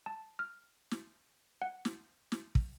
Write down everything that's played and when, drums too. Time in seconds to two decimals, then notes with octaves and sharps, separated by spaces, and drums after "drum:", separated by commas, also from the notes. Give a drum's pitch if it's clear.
0.06 A5
0.39 F6
0.91 drum: snare
1.62 F#5
1.85 drum: snare
2.32 drum: snare
2.55 drum: kick